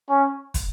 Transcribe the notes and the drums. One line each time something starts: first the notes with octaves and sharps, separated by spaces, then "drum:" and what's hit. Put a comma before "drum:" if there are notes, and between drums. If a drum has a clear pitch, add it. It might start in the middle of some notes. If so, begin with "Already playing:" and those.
C#4
drum: kick, hi-hat